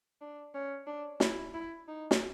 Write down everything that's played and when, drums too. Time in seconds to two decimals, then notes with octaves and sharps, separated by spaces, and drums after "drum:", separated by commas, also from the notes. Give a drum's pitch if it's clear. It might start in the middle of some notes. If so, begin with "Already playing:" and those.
0.21 D4
0.54 C#4
0.87 D4
1.20 E4, drum: snare
1.54 E4
1.88 D#4
2.11 drum: snare